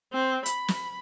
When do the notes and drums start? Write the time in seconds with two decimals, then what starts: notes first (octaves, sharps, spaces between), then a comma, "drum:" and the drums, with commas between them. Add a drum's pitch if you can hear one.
0.13 C4
0.46 B5, drum: hi-hat
0.68 drum: snare